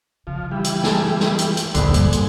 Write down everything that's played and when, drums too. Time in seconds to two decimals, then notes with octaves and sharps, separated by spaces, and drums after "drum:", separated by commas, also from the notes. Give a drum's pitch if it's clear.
0.27 C#3 F3
0.51 E3 G3
0.64 drum: hi-hat
0.84 G#5 A5, drum: snare
1.20 drum: snare
1.38 drum: hi-hat
1.57 drum: hi-hat
1.75 A#1 D#2 D3 B5, drum: hi-hat
1.94 G2 G#3, drum: hi-hat
2.13 drum: hi-hat